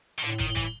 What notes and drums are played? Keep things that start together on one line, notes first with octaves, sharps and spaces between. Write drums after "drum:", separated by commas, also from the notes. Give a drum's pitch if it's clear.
D#3
A2 D3, drum: hi-hat
D#3, drum: kick
A2
E3, drum: kick, hi-hat